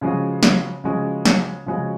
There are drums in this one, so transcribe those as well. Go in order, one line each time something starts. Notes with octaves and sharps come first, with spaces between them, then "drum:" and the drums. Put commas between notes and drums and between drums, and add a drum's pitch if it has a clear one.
C#3 F3 G#3 C#4 F#4
drum: snare
C#3 F3 G#3 C#4 F#4
drum: snare
C#3 F3 G#3 C#4 F#4